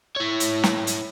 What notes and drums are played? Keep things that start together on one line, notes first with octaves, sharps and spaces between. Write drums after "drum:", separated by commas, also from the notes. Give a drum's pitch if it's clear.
E4 C#5
drum: hi-hat
drum: snare
drum: hi-hat